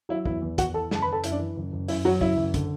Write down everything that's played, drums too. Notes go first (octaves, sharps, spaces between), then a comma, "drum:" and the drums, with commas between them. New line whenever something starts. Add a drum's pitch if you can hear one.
F#3 E4
E2 E4, drum: kick
E2
E2 F#4 F#5, drum: kick, hi-hat
E3 A4 A5
F#1 A5, drum: snare
B4 B5
F#1
A4 A5
F#2 E4 E5, drum: hi-hat
D4 D5
E3
F#1
F#1
F#2 E4, drum: open hi-hat
F#3 F#4
F#1 E4, drum: kick
F#1
D3, drum: kick, hi-hat